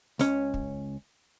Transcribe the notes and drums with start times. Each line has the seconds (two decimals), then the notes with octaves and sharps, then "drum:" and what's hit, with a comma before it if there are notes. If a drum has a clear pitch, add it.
0.19 C#2 C#4, drum: hi-hat
0.54 drum: kick